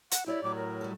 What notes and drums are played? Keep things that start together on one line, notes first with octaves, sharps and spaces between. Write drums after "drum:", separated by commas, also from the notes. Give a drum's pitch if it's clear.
F#5, drum: hi-hat
E4 G4 C#5 D5
A2 F#3 D6
A#4
G3 A4